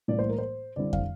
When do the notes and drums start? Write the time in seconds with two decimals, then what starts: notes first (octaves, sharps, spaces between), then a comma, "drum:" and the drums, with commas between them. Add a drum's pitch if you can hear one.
0.08 A2 E3 G3 A#3 D5
0.19 C5
0.30 A#4
0.38 C5
0.76 D3 G3 C4 E4 D5
0.93 F5, drum: kick F2